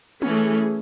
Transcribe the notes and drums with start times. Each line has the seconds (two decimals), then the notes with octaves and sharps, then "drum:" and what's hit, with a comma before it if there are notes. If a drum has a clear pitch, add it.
0.22 E3 A3 C#4 G#4, drum: tom G#3